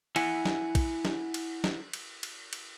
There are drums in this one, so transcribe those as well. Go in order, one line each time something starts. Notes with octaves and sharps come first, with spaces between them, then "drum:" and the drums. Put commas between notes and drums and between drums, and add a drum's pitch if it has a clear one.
E4 F#5 G#5, drum: cymbal
drum: snare
drum: kick, cymbal
drum: snare
drum: cymbal
drum: snare
drum: cymbal
drum: cymbal
drum: cymbal